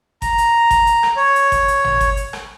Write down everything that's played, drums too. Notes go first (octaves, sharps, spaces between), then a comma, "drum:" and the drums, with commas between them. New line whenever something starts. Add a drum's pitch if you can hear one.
A#5, drum: kick G1, hi-hat
drum: hi-hat
drum: kick G1, hi-hat
drum: hi-hat
drum: rim click
C#5
drum: hi-hat
drum: kick G1, hi-hat
drum: hi-hat
drum: tom G#1
drum: kick G1, hi-hat
drum: hi-hat
drum: rim click